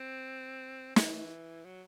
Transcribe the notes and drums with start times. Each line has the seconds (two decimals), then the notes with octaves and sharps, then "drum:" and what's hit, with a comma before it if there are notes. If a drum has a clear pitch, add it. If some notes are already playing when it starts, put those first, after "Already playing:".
Already playing: C4
0.96 E3, drum: snare
1.65 F#3